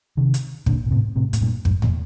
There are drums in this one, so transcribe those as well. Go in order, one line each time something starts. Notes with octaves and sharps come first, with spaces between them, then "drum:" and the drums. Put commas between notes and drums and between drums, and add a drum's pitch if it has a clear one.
C3 D#3
drum: hi-hat
A#2 D3, drum: kick
A#2
A2 C3
A2 C3
A2, drum: hi-hat
G2 A#2
F#2 A2, drum: kick
A#2, drum: tom E2